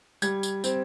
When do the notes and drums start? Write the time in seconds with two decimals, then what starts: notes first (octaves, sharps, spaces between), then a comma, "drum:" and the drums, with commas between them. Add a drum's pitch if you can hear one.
0.22 G3 G#6, drum: tambourine
0.43 drum: tambourine
0.64 C4, drum: tambourine